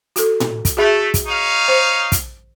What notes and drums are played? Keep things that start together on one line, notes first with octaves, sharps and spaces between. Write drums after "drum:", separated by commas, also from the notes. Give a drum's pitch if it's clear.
F#4 A4, drum: hi-hat
drum: tom A2
drum: kick, hi-hat
A3 F#4 G#4 E5
drum: kick, hi-hat
D#4 C#5 F5
C5
drum: kick, hi-hat